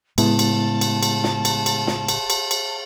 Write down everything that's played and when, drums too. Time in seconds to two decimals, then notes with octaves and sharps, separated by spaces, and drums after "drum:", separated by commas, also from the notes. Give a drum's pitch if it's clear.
0.18 A2 C#3 G#3 B3 E4 A5, drum: cymbal
0.39 drum: cymbal
0.81 drum: cymbal
1.03 drum: cymbal
1.24 drum: snare
1.45 drum: cymbal
1.66 drum: cymbal
1.87 drum: snare
2.08 drum: cymbal
2.30 drum: cymbal
2.51 drum: cymbal